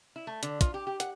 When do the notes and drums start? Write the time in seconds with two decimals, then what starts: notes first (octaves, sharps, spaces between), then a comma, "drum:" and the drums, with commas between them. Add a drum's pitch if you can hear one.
0.16 E4
0.27 A3
0.43 D3, drum: hi-hat
0.61 F4, drum: kick, hi-hat
0.74 G4
0.87 G4
1.00 F#5, drum: hi-hat